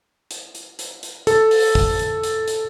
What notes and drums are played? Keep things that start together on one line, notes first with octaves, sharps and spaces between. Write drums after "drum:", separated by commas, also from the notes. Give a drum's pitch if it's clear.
drum: hi-hat
drum: hi-hat
drum: hi-hat
drum: hi-hat
A4, drum: hi-hat
drum: open hi-hat
drum: kick G#1
drum: hi-hat
drum: hi-hat
drum: hi-hat